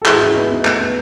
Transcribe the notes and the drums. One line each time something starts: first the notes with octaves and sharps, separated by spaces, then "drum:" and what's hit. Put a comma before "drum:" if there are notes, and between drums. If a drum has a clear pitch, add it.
A4
G#2 E3 E4 G#4, drum: clap
F#4
C#4 E4
B3 D#4
B3 D#4
A3, drum: clap
B3